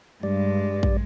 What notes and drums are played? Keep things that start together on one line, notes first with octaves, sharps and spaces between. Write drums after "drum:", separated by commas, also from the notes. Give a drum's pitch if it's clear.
G2 G3 G#3 D5
drum: kick